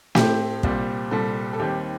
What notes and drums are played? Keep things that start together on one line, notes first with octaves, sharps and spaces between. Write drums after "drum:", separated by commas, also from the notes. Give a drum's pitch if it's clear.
A2 A3 C4 G4, drum: snare
C2 A#2 G3 C4, drum: kick
C2 A#2 G3 C4 A4
A4
D#2 D#3 G3 C4 G4